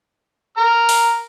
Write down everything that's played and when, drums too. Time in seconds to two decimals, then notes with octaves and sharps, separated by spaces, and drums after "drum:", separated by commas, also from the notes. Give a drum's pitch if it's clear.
0.57 A#5 F6
0.89 drum: open hi-hat